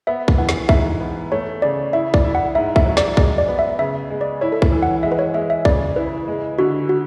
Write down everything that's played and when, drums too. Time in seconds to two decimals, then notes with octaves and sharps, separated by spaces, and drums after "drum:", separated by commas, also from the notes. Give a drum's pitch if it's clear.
0.07 B3 E5
0.28 drum: kick
0.38 E3 F#5
0.49 drum: snare
0.69 G#2 E5, drum: kick
1.00 B3
1.32 A3 C#5
1.62 C#3 D5
1.93 E4 E5
2.14 D5, drum: kick
2.24 E4
2.35 F#5
2.55 G#2 E5
2.76 E5, drum: kick
2.86 F#3
2.97 D5, drum: snare
3.17 G#3 D5, drum: kick
3.38 D5
3.48 B3
3.59 E5
3.79 C#3 E5
4.10 G#3
4.21 D5
4.41 E4 C#5
4.52 A4
4.62 B4, drum: kick
4.72 E3
4.83 F#5
5.03 G#3 E5
5.12 B4
5.19 C#5
5.34 G#3 E5
5.50 E5
5.65 C#3 D5, drum: kick
5.96 E4 B4
6.28 G#3
6.58 D3 F#4
6.89 F#4